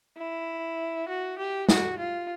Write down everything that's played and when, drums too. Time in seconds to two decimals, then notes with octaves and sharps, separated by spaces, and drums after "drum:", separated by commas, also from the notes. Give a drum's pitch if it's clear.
0.17 E4
1.08 F#4
1.38 G4
1.69 F#4, drum: snare
1.98 F4